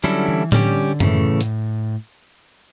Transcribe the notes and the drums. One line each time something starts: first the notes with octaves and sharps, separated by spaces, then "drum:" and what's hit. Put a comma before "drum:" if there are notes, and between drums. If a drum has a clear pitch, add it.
D3 F#3 G3 C#4 E4 A4
E3
D3 G3 C#4 G4, drum: tom A2
A2 C#3 E3 A3, drum: tom F#2
drum: hi-hat